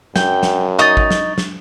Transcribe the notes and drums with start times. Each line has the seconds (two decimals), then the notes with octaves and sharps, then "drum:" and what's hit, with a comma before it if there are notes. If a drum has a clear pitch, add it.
0.16 F#2 G5, drum: snare
0.43 drum: snare
0.79 D#4 D#5 C#6 D#6 A6
0.97 drum: kick G#1
1.11 drum: snare
1.38 drum: snare